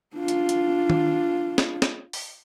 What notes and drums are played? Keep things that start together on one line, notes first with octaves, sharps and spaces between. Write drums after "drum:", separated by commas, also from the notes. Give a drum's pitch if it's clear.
D4 F4
drum: hi-hat
drum: hi-hat
drum: tom D#3
drum: snare
drum: snare
drum: open hi-hat